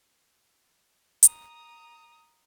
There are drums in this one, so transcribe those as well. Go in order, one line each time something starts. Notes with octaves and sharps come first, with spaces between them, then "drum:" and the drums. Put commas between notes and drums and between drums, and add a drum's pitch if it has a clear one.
A#5 D#6, drum: hi-hat